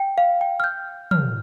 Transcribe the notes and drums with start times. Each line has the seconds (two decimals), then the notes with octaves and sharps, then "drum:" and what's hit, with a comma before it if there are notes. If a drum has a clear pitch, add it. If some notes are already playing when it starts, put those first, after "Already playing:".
Already playing: G5
0.18 F5
0.41 G5
0.60 F6
0.64 G6
1.11 F6, drum: tom